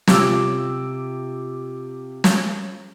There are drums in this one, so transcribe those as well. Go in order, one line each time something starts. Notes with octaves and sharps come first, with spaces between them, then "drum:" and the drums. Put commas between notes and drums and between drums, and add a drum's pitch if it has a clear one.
C3 F4 D6 E6, drum: snare
drum: snare